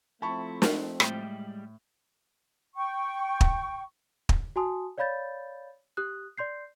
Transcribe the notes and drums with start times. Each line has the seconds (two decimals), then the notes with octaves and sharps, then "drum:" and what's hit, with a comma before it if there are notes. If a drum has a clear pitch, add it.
0.22 F3 A3 C4 E4 A5 B5 C#6
0.62 drum: snare
1.00 A2 G3 G#3 G5, drum: rim click
2.76 G5 C#6
3.41 drum: kick
4.29 drum: kick
4.56 F#4 G#5 A5 C6 D#6
4.98 C#5 D5 F5 B5 G6 A6
5.97 G4 D#6 F#6
6.38 D5 C6 G6 C7